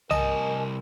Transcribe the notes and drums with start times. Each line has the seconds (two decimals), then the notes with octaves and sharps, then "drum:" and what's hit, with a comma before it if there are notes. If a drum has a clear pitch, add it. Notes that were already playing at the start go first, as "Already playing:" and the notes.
0.11 C2 A#4 D#5 G#5 A5, drum: tom B1